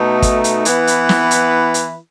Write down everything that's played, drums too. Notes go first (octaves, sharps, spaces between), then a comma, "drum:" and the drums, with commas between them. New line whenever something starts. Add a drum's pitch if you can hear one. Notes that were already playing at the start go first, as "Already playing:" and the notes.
Already playing: B2 A3 D#4
drum: kick, hi-hat
drum: hi-hat
E3 B3 E4 B4, drum: hi-hat
drum: hi-hat
drum: snare
drum: hi-hat
drum: hi-hat